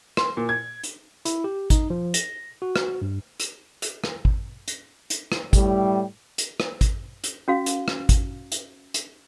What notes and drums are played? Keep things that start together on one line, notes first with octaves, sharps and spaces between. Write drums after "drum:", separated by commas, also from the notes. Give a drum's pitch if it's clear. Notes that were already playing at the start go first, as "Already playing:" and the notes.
C6, drum: rim click
A#2
G#6
drum: hi-hat
E4, drum: hi-hat
G4
D#4, drum: kick G#1, hi-hat
F3
A#6, drum: hi-hat
F#4
drum: rim click
G2
drum: hi-hat
drum: hi-hat
drum: rim click
drum: kick G#1
drum: hi-hat
drum: hi-hat
drum: rim click
A2 G3, drum: kick G#1, hi-hat
drum: hi-hat
drum: rim click
drum: kick G#1, hi-hat
drum: hi-hat
C#4 F#4 F5
drum: hi-hat
drum: rim click
drum: kick G#1, hi-hat
drum: hi-hat
drum: hi-hat